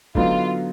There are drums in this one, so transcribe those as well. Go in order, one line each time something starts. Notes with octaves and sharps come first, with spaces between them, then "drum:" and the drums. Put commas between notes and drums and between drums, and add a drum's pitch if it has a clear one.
D3 F#3 B3 D#4 F4, drum: kick F1